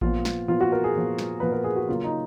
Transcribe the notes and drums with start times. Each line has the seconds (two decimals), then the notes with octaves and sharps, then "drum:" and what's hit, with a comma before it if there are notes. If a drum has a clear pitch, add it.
0.01 A#2 F3 B3 F4, drum: kick A1
0.25 drum: snare
0.48 A#2 F3 B3 F4
0.61 F#4
0.72 A#4
0.84 G#4
0.95 A#2 F3 B3
1.18 drum: snare
1.40 A#2 F3 B3 B4
1.52 A#4
1.64 G#4
1.76 F#4
1.88 C#3 F#3 A#3 F4
2.04 D#4